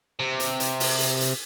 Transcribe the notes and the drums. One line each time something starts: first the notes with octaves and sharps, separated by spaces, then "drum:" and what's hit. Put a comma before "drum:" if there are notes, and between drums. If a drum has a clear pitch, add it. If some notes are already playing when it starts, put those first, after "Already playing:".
C3
drum: hi-hat
drum: hi-hat
drum: open hi-hat
drum: hi-hat
drum: hi-hat